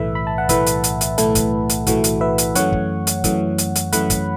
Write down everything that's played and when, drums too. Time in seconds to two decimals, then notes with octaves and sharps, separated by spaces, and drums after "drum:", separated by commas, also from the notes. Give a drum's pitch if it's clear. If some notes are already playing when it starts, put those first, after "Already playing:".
Already playing: B1 A2 E3 A3 B4 E5
0.15 B5
0.27 A5
0.38 F#5
0.49 B1 A2 E3 A3 B4 E5, drum: kick, hi-hat
0.66 drum: hi-hat
0.84 drum: hi-hat
1.01 drum: hi-hat
1.18 B1 A2 E3 A3 E4 A4, drum: hi-hat
1.35 drum: kick, hi-hat
1.69 drum: hi-hat
1.87 B1 A2 E3 A3 F#4, drum: kick, hi-hat
2.04 drum: hi-hat
2.21 B4 E5
2.38 drum: hi-hat
2.55 F#2 E3 A3 C#5 F#5, drum: hi-hat
2.72 drum: kick
3.07 drum: hi-hat
3.24 F#2 E3 A3, drum: kick, hi-hat
3.58 drum: hi-hat
3.75 drum: hi-hat
3.92 F#2 E3 A3 F#5 B5, drum: hi-hat
4.10 drum: kick, hi-hat